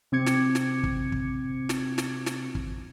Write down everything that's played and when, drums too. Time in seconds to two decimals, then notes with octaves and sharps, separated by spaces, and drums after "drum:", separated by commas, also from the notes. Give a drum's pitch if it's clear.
0.12 C3 C4 D6 G#6 C#7
0.26 drum: snare
0.55 drum: snare
0.84 drum: kick
1.12 drum: kick
1.69 drum: snare
1.98 drum: snare
2.26 drum: snare
2.55 drum: kick